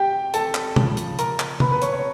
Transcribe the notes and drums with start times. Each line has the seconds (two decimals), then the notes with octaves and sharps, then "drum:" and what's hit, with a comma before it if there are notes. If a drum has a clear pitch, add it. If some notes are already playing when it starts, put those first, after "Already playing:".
Already playing: G4 G5
0.34 A4 A5, drum: hi-hat
0.55 drum: clap
0.76 C#3 F3, drum: tom
0.97 drum: hi-hat
1.19 A#4 A#5, drum: hi-hat
1.40 drum: clap
1.60 B4 B5, drum: tom
1.71 B4 B5
1.82 C#5 C#6, drum: hi-hat
1.92 C#5 C#6